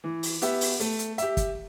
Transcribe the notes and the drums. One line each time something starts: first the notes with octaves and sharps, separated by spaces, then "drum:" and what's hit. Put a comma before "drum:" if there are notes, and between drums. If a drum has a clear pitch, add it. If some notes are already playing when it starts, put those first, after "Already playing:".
E3
drum: open hi-hat
B3 G4 E5, drum: hi-hat
drum: open hi-hat
A3, drum: hi-hat
drum: hi-hat
G4 E5, drum: hi-hat
drum: kick, hi-hat